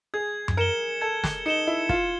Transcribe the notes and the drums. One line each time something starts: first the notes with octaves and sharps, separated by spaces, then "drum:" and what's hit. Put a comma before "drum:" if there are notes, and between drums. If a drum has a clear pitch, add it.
G#4 G#6
drum: tom F#2
A#4 C#7 E7 G7
A4 G#6
drum: snare
D#4 C#7 E7 G7
E4
F4 G#6, drum: kick